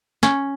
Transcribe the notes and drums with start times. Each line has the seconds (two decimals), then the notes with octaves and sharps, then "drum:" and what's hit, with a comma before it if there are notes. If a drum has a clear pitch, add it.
0.23 C#4, drum: snare